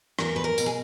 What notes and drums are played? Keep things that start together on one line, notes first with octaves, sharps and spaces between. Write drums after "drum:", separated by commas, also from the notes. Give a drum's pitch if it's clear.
E2 A#4, drum: rim click
B4
A#4
B2, drum: tambourine
G#4